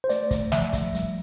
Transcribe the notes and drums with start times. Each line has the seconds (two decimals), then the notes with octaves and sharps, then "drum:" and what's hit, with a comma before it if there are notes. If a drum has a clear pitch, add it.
0.04 C5
0.10 A3 D5, drum: hi-hat
0.31 drum: kick, hi-hat
0.52 F3 E5, drum: snare
0.73 drum: kick, hi-hat
0.94 G3, drum: hi-hat